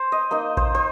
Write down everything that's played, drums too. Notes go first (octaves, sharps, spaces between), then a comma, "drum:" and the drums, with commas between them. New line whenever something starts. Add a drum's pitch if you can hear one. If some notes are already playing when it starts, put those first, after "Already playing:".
Already playing: C5
D#5
A#3 D#4 D#5
C5, drum: kick A#1
C5